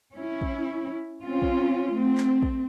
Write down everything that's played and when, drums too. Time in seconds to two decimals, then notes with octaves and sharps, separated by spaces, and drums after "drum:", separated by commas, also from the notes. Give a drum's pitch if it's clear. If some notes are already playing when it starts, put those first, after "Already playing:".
0.13 C#4 E4
0.41 drum: kick
1.23 C4 C#4 F4
1.42 drum: kick
1.92 A3 C4
2.17 drum: clap
2.43 drum: kick